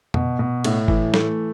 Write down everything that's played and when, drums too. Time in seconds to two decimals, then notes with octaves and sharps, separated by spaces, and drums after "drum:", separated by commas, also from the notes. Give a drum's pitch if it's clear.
0.14 B2, drum: tom F2
0.39 B2
0.64 A2, drum: cymbal
0.88 E3, drum: kick G1
1.14 A3, drum: snare